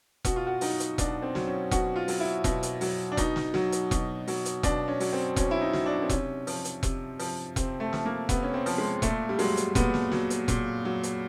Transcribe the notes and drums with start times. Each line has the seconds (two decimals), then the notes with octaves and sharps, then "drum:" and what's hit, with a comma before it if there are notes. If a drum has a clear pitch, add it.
0.25 B2 F#4, drum: kick E1, hi-hat
0.36 F4
0.47 F#4
0.61 F#3 D#4, drum: open hi-hat
0.80 drum: hi-hat
0.98 B2 D4, drum: kick E1, hi-hat
1.22 C4
1.35 F#3, drum: snare
1.47 C#4
1.71 B2 F#4, drum: kick E1, hi-hat
1.96 F4
2.08 F#3, drum: open hi-hat
2.20 E4
2.44 B2, drum: kick E1, hi-hat
2.63 drum: hi-hat
2.81 F#3, drum: open hi-hat
3.12 D4
3.17 B2 D#4, drum: kick E1, hi-hat
3.36 drum: snare
3.54 F#3, drum: snare
3.72 drum: hi-hat
3.91 B2, drum: kick E1, hi-hat
4.27 F#3, drum: open hi-hat
4.45 drum: hi-hat
4.63 B2 D4, drum: kick E1, hi-hat
4.88 C#4
5.00 F#3, drum: open hi-hat
5.12 C4
5.36 B2 C#4, drum: kick E1, hi-hat
5.51 E4
5.61 D#4
5.73 F#3, drum: snare
5.86 D4
6.02 C4
6.10 C3 C#4, drum: kick E1, hi-hat
6.47 F3, drum: open hi-hat
6.65 drum: hi-hat
6.83 C3, drum: kick E1, hi-hat
7.19 F3, drum: open hi-hat
7.56 C3 C4, drum: kick E1, hi-hat
7.80 A3
7.93 F3, drum: snare
8.05 A#3
8.29 C3 B3, drum: kick E1, hi-hat
8.43 C#4
8.54 C4
8.66 F3, drum: open hi-hat
8.78 G#3
9.02 A#2 A3, drum: kick E1, hi-hat
9.29 G3
9.39 F#3 G#3, drum: open hi-hat
9.57 drum: hi-hat
9.75 A#2 B3, drum: kick E1, hi-hat
9.94 drum: snare
10.12 F#3, drum: snare
10.30 drum: hi-hat
10.48 A#2, drum: kick E1, hi-hat
10.85 F#3
11.03 drum: hi-hat